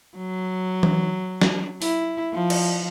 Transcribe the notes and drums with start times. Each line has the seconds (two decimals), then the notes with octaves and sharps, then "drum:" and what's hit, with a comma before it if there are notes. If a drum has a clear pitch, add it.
0.17 F#3
0.83 drum: tom E3
1.42 drum: snare
1.82 E4, drum: open hi-hat
2.33 F3
2.50 drum: cymbal